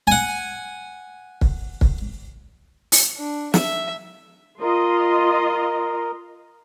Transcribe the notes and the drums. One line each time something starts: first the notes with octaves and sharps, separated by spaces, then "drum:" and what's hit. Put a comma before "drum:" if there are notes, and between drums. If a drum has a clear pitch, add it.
F#5 G#5
drum: kick
drum: kick
drum: open hi-hat
D4
E5, drum: snare
F4 A#4 D#5 C6